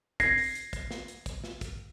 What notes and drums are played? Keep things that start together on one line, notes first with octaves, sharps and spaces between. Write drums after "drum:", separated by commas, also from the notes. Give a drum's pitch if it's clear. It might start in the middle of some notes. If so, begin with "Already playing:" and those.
G#6 A#6 C7, drum: kick, hi-hat
drum: open hi-hat
drum: hi-hat
drum: kick, hi-hat
drum: snare
drum: hi-hat
drum: kick, hi-hat
drum: snare
drum: kick, hi-hat